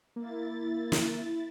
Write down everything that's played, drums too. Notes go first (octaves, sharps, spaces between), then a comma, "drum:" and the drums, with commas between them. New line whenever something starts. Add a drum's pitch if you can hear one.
A#3 E4 A6
drum: snare